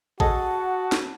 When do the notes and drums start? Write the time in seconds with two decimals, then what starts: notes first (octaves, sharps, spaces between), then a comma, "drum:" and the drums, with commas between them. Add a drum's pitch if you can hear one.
0.20 F#4 G#4 A4 D#5 F#5 A5, drum: kick G#1
0.92 drum: snare